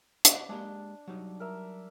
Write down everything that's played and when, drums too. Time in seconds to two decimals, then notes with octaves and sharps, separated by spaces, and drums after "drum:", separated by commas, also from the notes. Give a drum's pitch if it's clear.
0.25 F#4 D5 F#5, drum: hi-hat
0.49 G#3 A#3 D4 G4
1.08 F#3 G3 D#4
1.40 A#4 E5